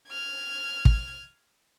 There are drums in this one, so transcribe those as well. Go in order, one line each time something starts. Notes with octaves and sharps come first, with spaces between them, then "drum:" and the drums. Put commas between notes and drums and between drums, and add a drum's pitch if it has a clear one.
F6 G#6
drum: kick